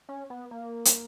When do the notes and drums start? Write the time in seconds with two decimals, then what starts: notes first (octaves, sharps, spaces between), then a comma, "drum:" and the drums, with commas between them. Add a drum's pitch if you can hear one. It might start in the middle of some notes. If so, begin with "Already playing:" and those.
0.09 C#4
0.30 B3
0.51 A#3
0.85 drum: hi-hat